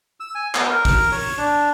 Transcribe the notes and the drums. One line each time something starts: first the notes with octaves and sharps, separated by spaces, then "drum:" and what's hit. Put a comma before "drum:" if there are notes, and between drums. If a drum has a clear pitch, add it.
E6
G#5
B3, drum: clap
A#4
drum: kick, open hi-hat
C#5, drum: open hi-hat
D4